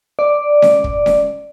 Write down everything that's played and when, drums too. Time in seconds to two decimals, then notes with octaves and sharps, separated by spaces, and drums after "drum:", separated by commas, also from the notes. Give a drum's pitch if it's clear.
0.19 D5
0.62 drum: snare C#4
0.84 drum: kick
1.06 drum: snare C#4